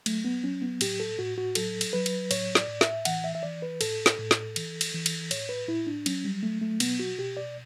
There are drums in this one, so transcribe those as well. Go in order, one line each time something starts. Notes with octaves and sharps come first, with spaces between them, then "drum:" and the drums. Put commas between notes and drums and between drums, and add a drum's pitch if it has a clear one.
F#3 A3, drum: cymbal
B3
F#3 C#4
B3
A2 G4, drum: cymbal
A4
A2 F#4
F#4
F#3 A4, drum: cymbal
drum: cymbal
F#3 B4
drum: cymbal
A2 C#5, drum: cymbal
D5, drum: snare
A2
E5, drum: snare
E3 F#5, drum: cymbal
E5
E5
E3 D5
B4
A2 A4, drum: cymbal
drum: snare
A2
drum: snare
E3, drum: cymbal
drum: cymbal
E3
drum: cymbal
A2 C#5, drum: cymbal
B4
A2 E4
D4
F#3 C#4, drum: cymbal
G3
F#3 A3
A3
B2 B3, drum: cymbal
F#4
B2 G4
D5